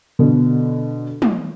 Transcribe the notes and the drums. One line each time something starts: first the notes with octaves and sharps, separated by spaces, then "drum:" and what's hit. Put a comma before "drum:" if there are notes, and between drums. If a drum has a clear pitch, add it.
B2 D3
drum: tom